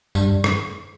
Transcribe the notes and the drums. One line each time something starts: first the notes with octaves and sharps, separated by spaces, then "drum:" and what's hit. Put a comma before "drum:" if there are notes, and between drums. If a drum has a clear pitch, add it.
G2, drum: tambourine
drum: rim click